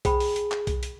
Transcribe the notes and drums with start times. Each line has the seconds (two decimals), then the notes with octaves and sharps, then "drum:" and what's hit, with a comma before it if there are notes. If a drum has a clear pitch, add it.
0.05 G#4 C5 G5 B5, drum: kick B1, hi-hat
0.20 drum: open hi-hat
0.36 drum: hi-hat
0.52 drum: clap
0.67 drum: kick B1, hi-hat
0.83 drum: hi-hat